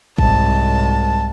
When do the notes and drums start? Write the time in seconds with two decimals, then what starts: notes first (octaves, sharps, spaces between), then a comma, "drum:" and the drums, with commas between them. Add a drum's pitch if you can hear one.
0.18 C2 G#2 A5, drum: kick